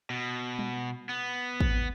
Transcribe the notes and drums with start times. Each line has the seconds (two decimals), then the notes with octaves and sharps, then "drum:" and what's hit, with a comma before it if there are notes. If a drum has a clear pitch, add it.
0.10 B2
0.59 drum: tom G3
1.09 B3
1.60 drum: kick